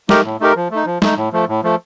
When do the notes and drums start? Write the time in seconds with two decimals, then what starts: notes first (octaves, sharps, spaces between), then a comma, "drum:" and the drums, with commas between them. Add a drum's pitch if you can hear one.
0.09 A3 D#4 G4 A#4, drum: snare
0.24 A2
0.40 A3 D#4 G4 A#4
0.56 F3
0.71 A3 D#4
0.86 F3
1.02 A3 D#4, drum: snare
1.17 A2
1.33 F3 A3
1.48 A2
1.63 F3 A3